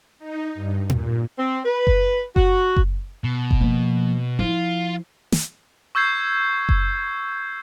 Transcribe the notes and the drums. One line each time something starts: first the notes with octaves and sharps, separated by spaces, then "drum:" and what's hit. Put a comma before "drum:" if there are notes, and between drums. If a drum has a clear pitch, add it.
D#4
G2
A#2, drum: tom A#2
C4
B4
drum: kick F#1
F#4, drum: kick F#1
drum: kick F#1
B2
drum: kick F#1
F3 A#3
F3 E4 F4
drum: snare
C#6 E6 G6 G#6 C7
drum: kick F#1